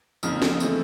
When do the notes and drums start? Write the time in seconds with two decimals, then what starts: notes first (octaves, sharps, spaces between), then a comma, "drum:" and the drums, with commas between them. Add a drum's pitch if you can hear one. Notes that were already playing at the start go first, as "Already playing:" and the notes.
0.23 F2 C#3 F3 A#3 D#4, drum: tambourine
0.42 drum: snare
0.60 E3 A3 C4, drum: tambourine